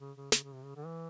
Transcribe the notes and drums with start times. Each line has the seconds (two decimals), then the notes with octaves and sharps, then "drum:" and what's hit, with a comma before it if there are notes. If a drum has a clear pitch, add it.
0.01 C#3
0.17 C#3
0.32 C#3, drum: snare
0.43 C#3
0.54 C3
0.65 C#3
0.76 D3
0.86 E3